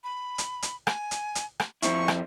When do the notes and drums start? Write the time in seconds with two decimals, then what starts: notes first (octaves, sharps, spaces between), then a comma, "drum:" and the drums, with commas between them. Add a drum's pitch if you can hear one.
0.04 B5
0.38 drum: hi-hat
0.62 drum: hi-hat
0.87 G#5, drum: rim click
1.11 drum: hi-hat
1.35 drum: hi-hat
1.60 drum: rim click
1.82 F2 C4 E4 C#6, drum: hi-hat
2.08 drum: rim click